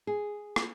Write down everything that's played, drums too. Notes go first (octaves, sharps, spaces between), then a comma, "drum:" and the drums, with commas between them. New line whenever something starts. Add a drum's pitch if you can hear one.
G#4
drum: rim click